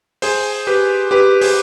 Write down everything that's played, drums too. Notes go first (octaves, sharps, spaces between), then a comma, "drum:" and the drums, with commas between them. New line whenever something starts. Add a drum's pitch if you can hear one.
G#4 C5, drum: open hi-hat
G4 B4
G4 B4
G#4 C5, drum: open hi-hat